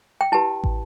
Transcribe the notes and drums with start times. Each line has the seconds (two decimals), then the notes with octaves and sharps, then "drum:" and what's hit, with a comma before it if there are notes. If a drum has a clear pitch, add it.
0.21 G5
0.32 E4 G4 B4 A5
0.64 drum: kick